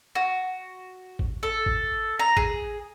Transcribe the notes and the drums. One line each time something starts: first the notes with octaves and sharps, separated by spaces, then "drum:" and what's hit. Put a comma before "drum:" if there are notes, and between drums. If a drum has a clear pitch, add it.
F#4
drum: kick G#1
A4
drum: kick G#1
A#5
G#4, drum: kick G#1